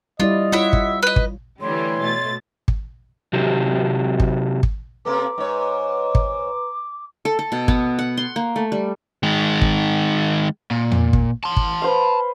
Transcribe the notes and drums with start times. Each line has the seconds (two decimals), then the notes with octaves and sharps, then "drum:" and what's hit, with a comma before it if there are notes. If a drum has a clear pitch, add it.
0.20 G3 E4 F4 D5 D#5
0.52 E4 F4 C#5 E5 F#5
0.73 drum: kick
1.03 B4 D#5
1.16 drum: kick
1.61 D3 E3 G3 A3 C#5 C6
2.01 B2 A3 A6
2.68 drum: kick
3.33 C3 F#3 G4
4.20 drum: kick
4.63 drum: kick
5.05 C3 A#3 A4 B4 A#5 C6 D6
5.38 G#2 C#5
6.15 drum: kick
7.25 A4
7.39 A4
7.52 B2
7.68 B3, drum: kick
7.99 F#5
8.17 C6
8.36 A#3
8.56 A3
8.72 G3
9.23 D#3 G#3
9.61 drum: kick
10.71 A#2
10.91 drum: tom E2
11.13 drum: kick
11.44 A5 C6
11.56 drum: kick
11.82 B4 C5 F5